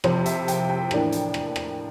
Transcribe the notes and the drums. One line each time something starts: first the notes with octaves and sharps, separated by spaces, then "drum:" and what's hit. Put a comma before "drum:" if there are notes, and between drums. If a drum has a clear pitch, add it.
F2 C3 F3 C5, drum: rim click
E5, drum: hi-hat
G5, drum: hi-hat
G5
A2 E3 A#3 D4, drum: rim click
drum: hi-hat
drum: rim click
drum: rim click